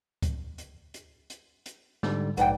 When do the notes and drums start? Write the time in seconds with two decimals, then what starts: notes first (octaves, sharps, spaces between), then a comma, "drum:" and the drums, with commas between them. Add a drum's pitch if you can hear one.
0.22 drum: kick C#2, hi-hat
0.58 drum: hi-hat
0.94 drum: hi-hat
1.30 drum: hi-hat
1.66 drum: hi-hat
2.03 G#2 D3 G3, drum: snare
2.37 A#1 G#2 B4 D5 F#5 G5, drum: hi-hat